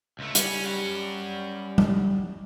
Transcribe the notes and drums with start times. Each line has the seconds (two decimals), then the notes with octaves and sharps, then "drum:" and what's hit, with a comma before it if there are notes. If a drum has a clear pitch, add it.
0.19 C#2 A3
0.35 G3 C#4, drum: hi-hat
0.65 C#4 F#5
1.78 drum: tom G3